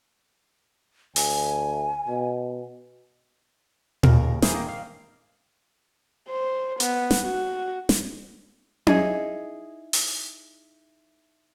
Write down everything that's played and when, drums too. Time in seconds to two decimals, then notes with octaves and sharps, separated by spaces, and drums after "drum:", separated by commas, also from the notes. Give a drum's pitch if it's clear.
1.16 D2 G#5, drum: open hi-hat
2.08 B2
4.03 D#2 C#3 A#4, drum: tom
4.42 E3 A#3 G#4 C5, drum: snare
4.54 D#3 A#3
4.69 F5
6.29 C5
6.80 B3, drum: hi-hat
7.11 drum: snare
7.22 F#4
7.89 drum: snare
8.87 D#4 E4 G#4 D#5, drum: tom C#4
9.93 drum: open hi-hat